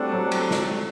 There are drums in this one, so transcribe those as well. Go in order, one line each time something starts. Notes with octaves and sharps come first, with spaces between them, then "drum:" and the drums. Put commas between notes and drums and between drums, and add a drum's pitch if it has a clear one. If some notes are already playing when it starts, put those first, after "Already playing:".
Already playing: G3 A3 C4 D4 F#4 A4
F#3 A3
drum: cymbal
drum: snare